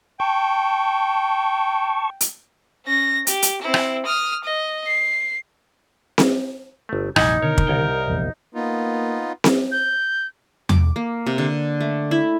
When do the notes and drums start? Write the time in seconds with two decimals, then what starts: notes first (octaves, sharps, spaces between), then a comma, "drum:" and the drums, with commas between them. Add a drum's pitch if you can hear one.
0.20 G5 A5 C#6
2.21 drum: hi-hat
2.86 C#4 A#6
3.27 G4, drum: hi-hat
3.42 drum: hi-hat
3.62 C4 E4
3.74 drum: rim click
4.05 D#6 F6
4.44 D#5
4.86 C7
6.18 drum: snare C4
6.89 G1 A3
7.16 F1 A#1 E3 G3 D#4 F#5 G#5, drum: rim click
7.42 B2 D3 D#3 A#4 C#5
7.58 drum: kick
7.67 C2 C#5 G5
8.08 F1 A#1 E2
8.55 A#3 B3 D#4 F4
9.44 drum: snare C4
9.72 G6
10.69 D6, drum: tom E2
10.96 A#3
11.26 C3
11.38 D3
11.81 A3
12.11 E4